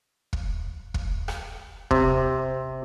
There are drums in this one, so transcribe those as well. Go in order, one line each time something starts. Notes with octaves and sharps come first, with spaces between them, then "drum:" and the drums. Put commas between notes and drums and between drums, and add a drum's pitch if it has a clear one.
drum: kick
drum: kick
drum: rim click
C3, drum: kick